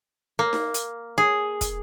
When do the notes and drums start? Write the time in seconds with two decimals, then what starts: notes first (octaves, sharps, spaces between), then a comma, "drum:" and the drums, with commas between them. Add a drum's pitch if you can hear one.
0.39 A#3
0.53 drum: snare D#4
0.74 drum: hi-hat
1.18 G#4
1.61 drum: kick, hi-hat